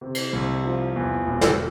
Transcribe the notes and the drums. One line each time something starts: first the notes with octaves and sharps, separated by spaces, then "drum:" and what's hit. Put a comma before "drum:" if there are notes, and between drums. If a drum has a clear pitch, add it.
C3
drum: cymbal
C2
F3
E2
E1
drum: snare